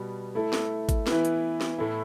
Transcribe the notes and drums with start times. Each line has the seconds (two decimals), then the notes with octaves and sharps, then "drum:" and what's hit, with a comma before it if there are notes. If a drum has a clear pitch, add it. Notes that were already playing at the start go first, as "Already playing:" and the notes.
Already playing: B2 G3 B3
0.35 A3 E4 A4
0.53 drum: snare
0.89 drum: kick G#1, hi-hat
1.07 E3 B3 E4 B4, drum: snare
1.25 drum: hi-hat
1.61 drum: snare
1.79 A2 A3 E4